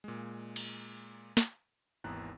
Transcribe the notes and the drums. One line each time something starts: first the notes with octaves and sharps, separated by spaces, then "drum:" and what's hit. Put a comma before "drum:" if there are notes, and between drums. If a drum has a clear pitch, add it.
A#2 G#3
drum: cymbal
drum: snare
G#1 D#2 E3 B3 A#5 F#6